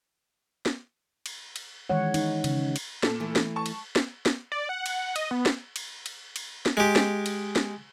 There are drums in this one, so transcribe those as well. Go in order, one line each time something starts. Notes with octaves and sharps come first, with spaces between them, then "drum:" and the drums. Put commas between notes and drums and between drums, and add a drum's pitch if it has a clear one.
drum: snare
drum: cymbal
drum: cymbal
D#3 E3 G#3 C#5 F#5
D#4, drum: cymbal
C#3, drum: cymbal
drum: cymbal
A#2 A4, drum: snare
E3 A3
drum: snare
A5 C#6
drum: cymbal
drum: snare
drum: snare
D5
F#5
drum: cymbal
D#5, drum: cymbal
B3
drum: snare
drum: cymbal
drum: cymbal
drum: cymbal
drum: snare
G#3 G4
drum: snare
drum: cymbal
drum: snare